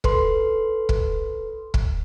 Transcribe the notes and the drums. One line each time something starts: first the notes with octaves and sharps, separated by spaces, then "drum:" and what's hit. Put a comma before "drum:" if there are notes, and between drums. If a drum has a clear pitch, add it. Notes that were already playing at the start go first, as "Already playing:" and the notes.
A4 B4 C6, drum: kick
drum: kick
drum: kick